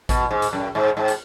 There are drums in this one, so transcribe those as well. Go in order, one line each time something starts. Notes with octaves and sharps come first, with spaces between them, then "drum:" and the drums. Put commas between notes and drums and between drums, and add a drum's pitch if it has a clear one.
B2, drum: kick A1, hi-hat
G#2
drum: hi-hat
F#2
G#2
G#2
drum: hi-hat